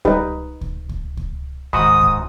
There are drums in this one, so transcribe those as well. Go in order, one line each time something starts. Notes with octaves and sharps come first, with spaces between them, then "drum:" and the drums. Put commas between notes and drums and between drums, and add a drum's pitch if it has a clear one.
G3 D#4 G4 B4, drum: kick C#2
drum: kick C#2
drum: kick C#2
drum: kick C#2
G#2 D#3 F#4 B5 D#6, drum: kick C#2
drum: kick C#2